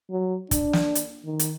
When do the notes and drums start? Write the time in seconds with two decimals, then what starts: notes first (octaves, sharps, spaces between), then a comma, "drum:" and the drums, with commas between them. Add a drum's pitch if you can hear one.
0.10 F#3
0.51 D4, drum: kick, hi-hat
0.73 drum: snare
0.95 drum: hi-hat
1.25 D#3
1.39 drum: hi-hat